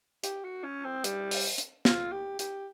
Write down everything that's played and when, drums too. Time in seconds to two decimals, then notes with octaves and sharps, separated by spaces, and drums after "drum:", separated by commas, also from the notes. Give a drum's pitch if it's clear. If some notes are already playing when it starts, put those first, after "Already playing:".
0.24 G4, drum: hi-hat
0.44 F#4
0.64 C#4
0.85 C4
1.04 G3, drum: hi-hat
1.31 drum: open hi-hat
1.58 drum: hi-hat
1.85 F4, drum: snare
2.12 G4
2.39 G4, drum: hi-hat